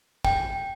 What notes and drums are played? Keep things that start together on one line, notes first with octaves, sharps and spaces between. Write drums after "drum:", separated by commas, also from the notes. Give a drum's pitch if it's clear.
G5, drum: kick